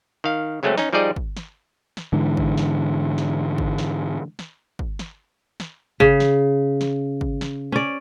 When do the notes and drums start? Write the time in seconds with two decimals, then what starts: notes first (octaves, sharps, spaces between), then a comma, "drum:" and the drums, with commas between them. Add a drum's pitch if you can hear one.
0.24 D#3 F5
0.63 C#3 F#3 G#3 A3 C4 C#4
0.78 C#4 D#4, drum: snare
0.93 F3 G3 D#4 G#4 D5 D#5
1.16 drum: kick
1.37 drum: snare
1.97 drum: snare
2.13 G#2 D3 E3
2.37 drum: kick
2.57 drum: snare
3.18 drum: snare
3.58 drum: kick
3.78 drum: snare
4.39 drum: snare
4.79 drum: kick
4.99 drum: snare
5.60 drum: snare
6.00 C#3, drum: kick
6.20 drum: snare
6.81 drum: snare
7.21 drum: kick
7.41 drum: snare
7.72 C#4 D5